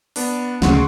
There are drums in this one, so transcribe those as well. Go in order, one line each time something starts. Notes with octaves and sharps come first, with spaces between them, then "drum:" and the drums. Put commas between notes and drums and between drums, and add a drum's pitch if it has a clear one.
B3 D4, drum: open hi-hat
D2 C#3 F#5 C6 C#6, drum: snare